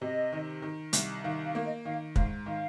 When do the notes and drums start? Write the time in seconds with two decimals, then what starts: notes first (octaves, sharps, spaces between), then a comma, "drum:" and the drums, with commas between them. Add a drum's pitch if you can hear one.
0.01 C3 D#5
0.32 D#3
0.62 D#3
0.93 C2, drum: hi-hat
1.24 D#3 F5
1.44 F5
1.55 A#3
1.64 D#5
1.85 D#3 F5
2.16 G#2 F5, drum: kick
2.46 D#3 F5